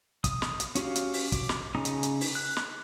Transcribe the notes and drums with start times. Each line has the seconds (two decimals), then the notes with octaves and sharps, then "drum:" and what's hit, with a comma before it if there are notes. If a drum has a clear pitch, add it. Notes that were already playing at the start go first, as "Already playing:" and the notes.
0.24 D#6, drum: kick, hi-hat
0.42 drum: snare
0.60 drum: hi-hat
0.75 C#4 F#4 G4 F5, drum: hi-hat
0.96 drum: hi-hat
1.13 drum: open hi-hat
1.32 D6, drum: kick, hi-hat
1.49 drum: snare
1.75 C#3 C#4 D#4 A#5 D#6
1.85 drum: hi-hat
2.03 drum: hi-hat
2.21 drum: open hi-hat
2.35 F#6
2.57 drum: snare